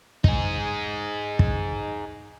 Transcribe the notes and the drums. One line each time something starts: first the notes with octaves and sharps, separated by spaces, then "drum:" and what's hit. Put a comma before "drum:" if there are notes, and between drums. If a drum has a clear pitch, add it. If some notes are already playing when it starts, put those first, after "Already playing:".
D#4 G#4, drum: kick
drum: kick